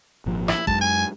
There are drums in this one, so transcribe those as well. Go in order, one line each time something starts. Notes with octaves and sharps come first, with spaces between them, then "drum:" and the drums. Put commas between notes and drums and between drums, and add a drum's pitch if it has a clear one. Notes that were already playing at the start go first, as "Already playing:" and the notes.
G#1 A#2 F3
E4, drum: rim click
F#2 G#3 A5, drum: kick G#1
G#5